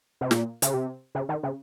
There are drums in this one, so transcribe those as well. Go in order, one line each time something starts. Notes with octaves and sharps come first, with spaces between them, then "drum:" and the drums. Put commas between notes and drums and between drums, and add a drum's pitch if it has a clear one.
C3
A#2, drum: snare
C#3, drum: hi-hat
C3
C#3
D#3
C#3